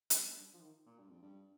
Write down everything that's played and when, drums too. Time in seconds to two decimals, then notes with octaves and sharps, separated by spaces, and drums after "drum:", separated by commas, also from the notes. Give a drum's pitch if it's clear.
0.10 G2, drum: hi-hat
0.36 G2
0.54 F3
0.61 D#3
0.86 A#2
0.98 G2
1.10 F2
1.22 G2